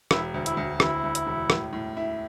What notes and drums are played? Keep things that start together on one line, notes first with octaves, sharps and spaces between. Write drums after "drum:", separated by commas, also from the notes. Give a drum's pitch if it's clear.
E1 E4, drum: rim click
D2
E4, drum: hi-hat
D2
D2 E4, drum: rim click
D2
drum: hi-hat
E1
A2, drum: rim click
A2
E4